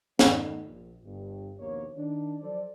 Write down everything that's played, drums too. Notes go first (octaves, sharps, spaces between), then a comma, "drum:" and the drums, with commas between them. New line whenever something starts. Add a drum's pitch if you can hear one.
D#3 A3 B3 D#4, drum: snare
A#1
G1 G2
A#1 D#2 B2 A#3 C#5
D#3 D4
F3 F#3 A4 C5 D5